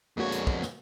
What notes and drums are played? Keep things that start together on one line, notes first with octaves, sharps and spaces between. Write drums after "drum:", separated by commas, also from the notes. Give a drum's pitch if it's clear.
F2 B2 D3 G#3 A#3 F#4 C#5
drum: hi-hat
drum: kick
drum: snare